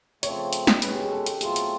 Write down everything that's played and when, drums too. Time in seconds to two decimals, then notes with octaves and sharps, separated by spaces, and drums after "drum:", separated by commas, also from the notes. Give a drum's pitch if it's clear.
0.23 C#3 F3 A3 C4 C#5, drum: hi-hat
0.53 drum: hi-hat
0.67 drum: snare
0.82 B2 G#3 C#4 B4, drum: hi-hat
0.92 G4
1.02 G#4
1.12 A4
1.26 G4, drum: hi-hat
1.41 B2 F#3 A3 C4 F4 G#4, drum: hi-hat
1.56 drum: hi-hat